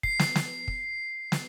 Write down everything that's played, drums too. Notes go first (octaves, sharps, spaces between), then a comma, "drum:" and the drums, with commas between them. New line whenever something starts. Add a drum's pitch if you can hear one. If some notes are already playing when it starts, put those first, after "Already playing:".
C7, drum: kick
drum: snare
drum: snare
drum: kick
drum: snare